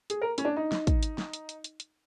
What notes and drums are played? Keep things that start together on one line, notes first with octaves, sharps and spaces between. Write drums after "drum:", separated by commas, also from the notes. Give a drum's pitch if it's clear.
G#4, drum: hi-hat
A#4
C#4, drum: hi-hat
D4
D#4
drum: snare
drum: kick, hi-hat
drum: hi-hat
drum: snare
drum: hi-hat
drum: hi-hat
drum: hi-hat
drum: hi-hat